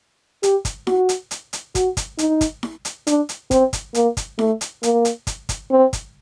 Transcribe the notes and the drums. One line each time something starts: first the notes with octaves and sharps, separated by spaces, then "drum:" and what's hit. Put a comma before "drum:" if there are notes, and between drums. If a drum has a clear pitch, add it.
G4, drum: hi-hat
drum: kick, hi-hat
F#4, drum: snare E4
drum: hi-hat
drum: hi-hat
drum: hi-hat
F#4, drum: kick, hi-hat
drum: kick, hi-hat
D#4, drum: hi-hat
drum: kick, hi-hat
drum: snare E4
drum: hi-hat
D4, drum: hi-hat
drum: hi-hat
C4, drum: kick, hi-hat
drum: kick, hi-hat
A#3, drum: hi-hat
drum: kick, hi-hat
A3, drum: snare E4
drum: hi-hat
A#3, drum: hi-hat
drum: hi-hat
drum: kick, hi-hat
drum: kick, hi-hat
C4
drum: kick, hi-hat